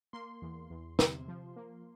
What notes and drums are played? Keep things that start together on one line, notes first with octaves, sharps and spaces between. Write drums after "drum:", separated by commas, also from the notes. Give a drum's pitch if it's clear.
A#3 C6
E2
E2
C3, drum: snare
F3
A#3